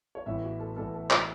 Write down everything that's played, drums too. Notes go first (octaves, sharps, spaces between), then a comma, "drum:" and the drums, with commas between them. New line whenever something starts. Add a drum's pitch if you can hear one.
C#5
A1 A2 E3 B3 E5
F#4
A4
A1 A2 E3 B3 A4
A4
F#4, drum: clap